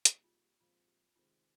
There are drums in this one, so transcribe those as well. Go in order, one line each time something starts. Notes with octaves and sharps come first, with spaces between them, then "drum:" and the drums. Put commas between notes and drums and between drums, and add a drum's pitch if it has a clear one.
C3 G3 A#3 D#4 G#4, drum: hi-hat
F4
G4
A#2 F3 G#3 C4 F4
G4
C3 D#3 G#3 C4 F4